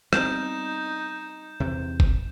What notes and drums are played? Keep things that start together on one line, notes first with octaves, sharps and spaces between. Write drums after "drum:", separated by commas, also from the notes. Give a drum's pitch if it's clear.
G3 B3 C4 D#4 G6 E7, drum: rim click
E2 C3
drum: kick G1